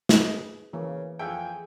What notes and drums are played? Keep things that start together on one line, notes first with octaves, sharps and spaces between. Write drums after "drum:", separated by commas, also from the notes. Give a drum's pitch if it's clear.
G#4 B4, drum: snare
C#3 E3 A#3
F2 G#4 E5 G5